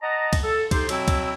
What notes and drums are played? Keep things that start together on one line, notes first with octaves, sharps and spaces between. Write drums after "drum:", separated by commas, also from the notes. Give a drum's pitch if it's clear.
D#5 F#5 A5 A#5
drum: kick, cymbal
A4
D#4 G4 A4 C5, drum: kick, cymbal
B2 F#3 C4 E4, drum: cymbal
drum: kick, cymbal